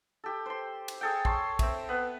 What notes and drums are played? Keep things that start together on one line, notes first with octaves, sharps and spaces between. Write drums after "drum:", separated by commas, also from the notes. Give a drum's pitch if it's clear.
G4 A4
C5 C6
drum: cymbal
G#4 A4 G5
C#5 A5 C6, drum: kick A#1
C4 E5, drum: kick A#1, cymbal
B3 B4